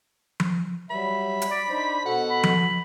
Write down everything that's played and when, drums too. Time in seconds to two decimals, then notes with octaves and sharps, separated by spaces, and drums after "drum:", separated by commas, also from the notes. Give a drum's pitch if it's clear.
0.40 drum: tom F3
0.91 F#3 G3 E5 B5
1.42 drum: hi-hat
1.51 D5
1.70 D4 D#4 C5
2.06 B2 F#4 A4 F#5
2.30 B5
2.43 drum: tom F3